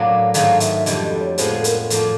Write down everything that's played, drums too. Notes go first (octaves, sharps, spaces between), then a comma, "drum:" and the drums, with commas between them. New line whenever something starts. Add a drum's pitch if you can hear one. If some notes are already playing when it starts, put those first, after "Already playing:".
Already playing: A2 F#3 A#3 D4 F5
G#2 D#3 F#3 A3 F5, drum: hi-hat
E5, drum: hi-hat
F2 D3 G3 D#5, drum: hi-hat
C#5
A2 F3 G#3 B3 C5, drum: hi-hat
A4
A#4, drum: hi-hat
A4
A2 F3 A#3, drum: hi-hat